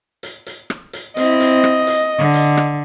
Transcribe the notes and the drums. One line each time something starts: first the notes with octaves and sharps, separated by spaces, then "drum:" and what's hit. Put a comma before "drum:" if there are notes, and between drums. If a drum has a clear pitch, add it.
drum: hi-hat
drum: hi-hat
drum: rim click
drum: hi-hat
C4 E4 D#5, drum: hi-hat
drum: hi-hat
drum: rim click
drum: hi-hat
D3
drum: hi-hat
drum: rim click